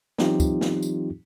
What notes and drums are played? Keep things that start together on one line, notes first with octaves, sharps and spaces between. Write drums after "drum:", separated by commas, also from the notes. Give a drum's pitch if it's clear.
E3 F#3 C4 D#4 F4 G4, drum: snare
drum: kick, tambourine
drum: snare
drum: tambourine